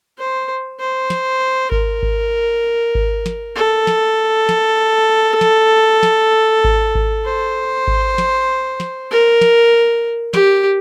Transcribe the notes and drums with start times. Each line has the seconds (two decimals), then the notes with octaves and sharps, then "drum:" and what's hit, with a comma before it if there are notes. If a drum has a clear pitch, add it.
0.18 C5
0.80 C5
1.10 drum: snare
1.72 A#4, drum: kick G#1
2.03 drum: kick G#1
2.95 drum: kick G#1
3.26 drum: snare
3.56 A4
3.87 drum: snare
4.49 drum: snare
5.41 drum: snare
6.03 drum: snare
6.64 drum: kick G#1
6.95 drum: kick G#1
7.25 C5
7.87 drum: kick G#1
8.18 drum: snare
8.80 drum: snare
9.11 A#4
9.41 drum: snare
10.34 G4, drum: snare